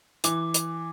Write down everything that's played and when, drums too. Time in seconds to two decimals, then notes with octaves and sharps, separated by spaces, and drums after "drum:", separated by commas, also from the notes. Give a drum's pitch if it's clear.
0.24 E3 D6, drum: hi-hat
0.54 drum: hi-hat